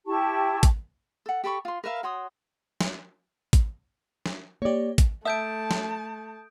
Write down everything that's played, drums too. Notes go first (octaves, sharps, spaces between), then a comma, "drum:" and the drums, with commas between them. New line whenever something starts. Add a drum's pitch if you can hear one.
E4 G4 A5 C#6
drum: kick A1, hi-hat
A4 F#5
G4 A4 B5 C#6
F4 C6
A#4 B4 E5 F5
F#4 C#5 C6 D#6
drum: snare
drum: kick A1, hi-hat
drum: snare
A#3 G4 C#5 D5
drum: kick A1, hi-hat
A3 E5 A5 D#6 G6 D7
drum: snare